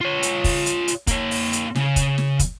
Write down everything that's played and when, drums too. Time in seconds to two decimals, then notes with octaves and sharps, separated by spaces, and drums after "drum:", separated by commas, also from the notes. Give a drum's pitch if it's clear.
0.01 F4 C#5
0.23 drum: hi-hat
0.44 drum: kick, open hi-hat
0.66 drum: hi-hat
0.88 drum: hi-hat
1.07 A#3 C#5, drum: kick, hi-hat
1.31 drum: open hi-hat
1.53 drum: hi-hat
1.75 C#3, drum: snare
1.96 drum: kick, hi-hat
2.18 drum: snare
2.39 drum: kick, hi-hat